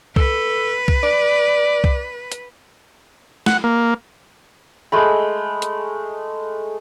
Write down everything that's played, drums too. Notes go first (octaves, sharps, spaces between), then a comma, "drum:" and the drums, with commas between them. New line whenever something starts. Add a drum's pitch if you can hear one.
A4 B4, drum: kick C2
drum: kick C2
D5
drum: kick C2
drum: hi-hat
F#5, drum: snare
A#3
G#3 A3 B5
drum: hi-hat